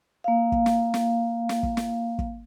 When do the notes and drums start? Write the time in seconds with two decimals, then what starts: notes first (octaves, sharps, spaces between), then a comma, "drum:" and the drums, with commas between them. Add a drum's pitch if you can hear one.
0.24 A#3 F5
0.52 drum: kick
0.66 drum: snare
0.94 drum: snare
1.49 drum: snare
1.63 drum: kick
1.77 drum: snare
2.19 drum: kick